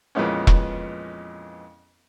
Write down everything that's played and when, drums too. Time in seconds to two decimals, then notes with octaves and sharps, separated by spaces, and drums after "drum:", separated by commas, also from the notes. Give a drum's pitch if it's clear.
0.15 F2 A#2 E3 G#3 B3 C#4
0.47 drum: kick E1